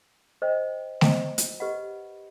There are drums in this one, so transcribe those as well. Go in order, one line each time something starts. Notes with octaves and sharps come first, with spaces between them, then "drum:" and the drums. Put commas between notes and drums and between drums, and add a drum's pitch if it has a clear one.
C5 D#5 G5
C5 D#5 G5, drum: snare A3
drum: hi-hat
G4 B4 D#5 F#5 B5